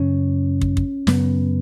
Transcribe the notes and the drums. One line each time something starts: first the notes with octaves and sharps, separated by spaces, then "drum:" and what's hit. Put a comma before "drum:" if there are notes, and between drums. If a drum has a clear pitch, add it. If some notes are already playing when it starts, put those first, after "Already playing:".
Already playing: F#2 C#3 C#4
drum: kick
drum: kick
F#2 C#3 B3, drum: snare